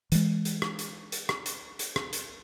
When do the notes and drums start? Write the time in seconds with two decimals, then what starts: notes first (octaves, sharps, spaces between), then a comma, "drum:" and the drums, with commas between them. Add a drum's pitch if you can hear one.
0.12 E3 G#3, drum: hi-hat
0.45 drum: hi-hat
0.62 drum: rim click
0.79 drum: hi-hat
1.12 drum: hi-hat
1.29 drum: rim click
1.46 drum: hi-hat
1.79 drum: hi-hat
1.96 drum: rim click
2.13 drum: hi-hat